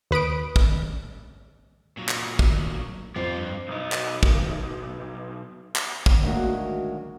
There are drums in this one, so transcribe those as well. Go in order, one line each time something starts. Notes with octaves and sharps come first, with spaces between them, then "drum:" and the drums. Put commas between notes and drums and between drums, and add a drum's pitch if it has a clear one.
D#2 B4 D#6 D7
drum: kick
A#2 F#3
drum: clap
drum: kick
F2 F4 G4 C5 C7
G2
B1 D#4
drum: clap
drum: kick
drum: clap
drum: kick
D2 D#3 F#3 G#3 A#3 F#4